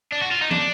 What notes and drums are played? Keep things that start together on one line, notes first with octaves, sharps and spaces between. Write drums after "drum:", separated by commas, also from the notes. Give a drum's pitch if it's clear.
D4
F#4
F4
D#4
D4, drum: tom